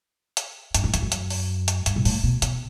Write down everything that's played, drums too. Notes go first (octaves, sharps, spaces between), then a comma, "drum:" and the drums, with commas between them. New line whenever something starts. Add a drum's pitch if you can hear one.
drum: hi-hat
G2, drum: hi-hat
F#2
E2, drum: hi-hat
F#2
drum: hi-hat
drum: open hi-hat
drum: hi-hat
G2, drum: hi-hat
B2
A2, drum: open hi-hat
B2
B2, drum: hi-hat